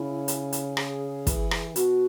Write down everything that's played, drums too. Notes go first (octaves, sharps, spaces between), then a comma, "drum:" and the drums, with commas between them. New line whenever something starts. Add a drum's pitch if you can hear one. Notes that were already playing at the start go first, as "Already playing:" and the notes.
Already playing: C#3 E4
drum: hi-hat
drum: hi-hat
G#4, drum: rim click
E3, drum: kick, hi-hat
drum: rim click
B2 F#4, drum: hi-hat